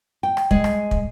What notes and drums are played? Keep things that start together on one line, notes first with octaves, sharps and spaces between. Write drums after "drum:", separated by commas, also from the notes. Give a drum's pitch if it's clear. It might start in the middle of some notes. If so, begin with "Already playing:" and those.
G5
drum: rim click
G#3, drum: kick
drum: rim click
drum: kick